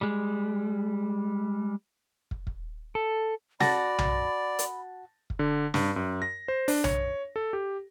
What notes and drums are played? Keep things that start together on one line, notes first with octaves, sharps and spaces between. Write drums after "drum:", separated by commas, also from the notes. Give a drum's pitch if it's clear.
G3 G#3
drum: kick
drum: kick
A4
F#4 D5 A5 B5 A6 A#6, drum: snare
drum: tom B1
drum: hi-hat
drum: kick
D3
G2, drum: snare
F#2
A#6
C5
D4, drum: open hi-hat
C#5, drum: tom B1
A4
G4